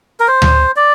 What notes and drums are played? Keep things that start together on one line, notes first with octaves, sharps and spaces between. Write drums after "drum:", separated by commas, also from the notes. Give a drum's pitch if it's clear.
A#4
C5
drum: tom D2
D5